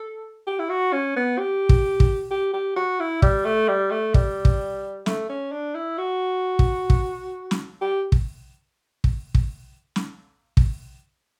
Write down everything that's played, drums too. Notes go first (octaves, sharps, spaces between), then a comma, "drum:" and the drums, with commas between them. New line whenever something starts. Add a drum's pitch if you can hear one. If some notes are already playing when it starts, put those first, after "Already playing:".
Already playing: A4
G4
E4
F#4
C#4
B3
G4
drum: kick
drum: kick
G4
G4
F#4
E4
G3, drum: kick
A3
G3
A3
G3, drum: kick
drum: kick
A3, drum: snare
C#4
D4
E4
F#4
drum: kick
drum: kick
drum: snare
G4
drum: kick
drum: kick
drum: kick
drum: snare
drum: kick